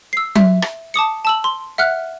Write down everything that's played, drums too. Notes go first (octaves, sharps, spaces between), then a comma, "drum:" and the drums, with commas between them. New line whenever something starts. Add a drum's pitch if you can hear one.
E6 C7
E5, drum: tom F#3
drum: rim click
A5 D6 D#6 C#7
A5 E6 F#7
C6
E5 F#5 F6 F#6